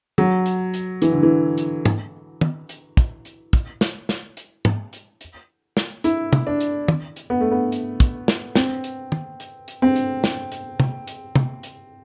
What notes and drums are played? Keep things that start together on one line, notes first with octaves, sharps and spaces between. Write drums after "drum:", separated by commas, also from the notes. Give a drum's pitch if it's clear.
F#3, drum: tom
drum: hi-hat
drum: hi-hat
E3, drum: hi-hat
D3
E3
drum: hi-hat
drum: tom
drum: tom
drum: hi-hat
drum: kick, hi-hat
drum: hi-hat
drum: kick, hi-hat
drum: snare
drum: snare
drum: hi-hat
drum: tom
drum: hi-hat
drum: hi-hat
drum: snare
E4, drum: hi-hat
drum: tom
D4
drum: hi-hat
drum: tom
drum: hi-hat
B3
A3
B3
drum: hi-hat
drum: kick, hi-hat
drum: snare
C4, drum: snare
drum: hi-hat
drum: tom
drum: hi-hat
drum: hi-hat
C4
drum: hi-hat
drum: snare
drum: hi-hat
drum: tom
drum: hi-hat
drum: tom
drum: hi-hat